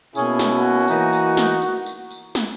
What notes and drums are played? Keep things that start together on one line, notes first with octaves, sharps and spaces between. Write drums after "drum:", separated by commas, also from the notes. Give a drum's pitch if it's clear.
B2 A#3 C#4 E4 G#4, drum: tambourine
drum: snare
F#4
E3 A#3 D#4, drum: tambourine
drum: tambourine
drum: snare
drum: tambourine
drum: tambourine
drum: tambourine
drum: snare